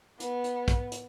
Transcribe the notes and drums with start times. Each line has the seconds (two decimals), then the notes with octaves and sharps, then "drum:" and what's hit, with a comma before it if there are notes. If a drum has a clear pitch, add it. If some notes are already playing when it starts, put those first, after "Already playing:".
0.20 B3, drum: hi-hat
0.44 drum: hi-hat
0.68 drum: kick, hi-hat
0.92 drum: hi-hat